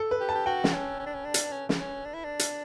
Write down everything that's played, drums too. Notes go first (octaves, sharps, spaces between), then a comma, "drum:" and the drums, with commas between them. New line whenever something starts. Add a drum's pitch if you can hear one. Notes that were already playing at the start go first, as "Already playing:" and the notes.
Already playing: A4
B4
G4
A5
G4
F#4 G5
drum: snare
C#4
C#4
D4
C#4
D4
drum: hi-hat
C#4
drum: snare
C#4
D4
E4
D4
drum: hi-hat